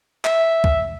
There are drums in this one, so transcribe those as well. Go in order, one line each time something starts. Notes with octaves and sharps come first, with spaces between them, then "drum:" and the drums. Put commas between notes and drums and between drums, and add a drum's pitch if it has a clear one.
E5, drum: clap
drum: kick